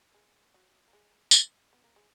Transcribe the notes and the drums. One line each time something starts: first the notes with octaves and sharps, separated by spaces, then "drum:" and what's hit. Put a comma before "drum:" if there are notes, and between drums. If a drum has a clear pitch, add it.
G#3
F#3
A#3
G#3
drum: tambourine
B3
A#3
G#3